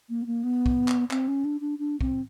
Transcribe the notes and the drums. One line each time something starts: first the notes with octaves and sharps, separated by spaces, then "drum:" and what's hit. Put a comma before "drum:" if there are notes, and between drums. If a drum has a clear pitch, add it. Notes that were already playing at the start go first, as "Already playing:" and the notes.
A#3
B3
A#3
B3
drum: kick
drum: clap
C4, drum: clap
C#4
D4
D4
D4
C4, drum: kick